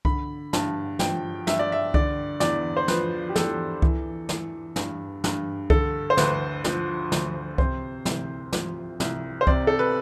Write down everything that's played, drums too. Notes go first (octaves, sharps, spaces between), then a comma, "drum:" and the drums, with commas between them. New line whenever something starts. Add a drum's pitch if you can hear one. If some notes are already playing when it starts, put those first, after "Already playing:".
D3 B5, drum: kick C2
G2 A5, drum: snare
F3 G5, drum: snare
G2 E5, drum: snare
D5
E5
D3 D5, drum: kick C2
E2 D5, drum: snare
C5
F3 B4, drum: snare
G4
E2 A4, drum: snare
E3, drum: kick C2
E3, drum: snare
G2, drum: snare
G2, drum: snare
D3 A4, drum: kick C2
C5
D2 B4, drum: snare
F3, drum: snare
D2, drum: snare
C3 C5, drum: kick C2
C2, drum: snare
F3, drum: snare
C2, drum: snare
C5
C3 D5, drum: kick C2
A4
B4